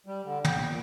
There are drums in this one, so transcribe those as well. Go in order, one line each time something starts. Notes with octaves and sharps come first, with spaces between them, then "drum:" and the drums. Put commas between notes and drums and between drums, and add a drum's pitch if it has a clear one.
G3
D3
G5, drum: tom
A#2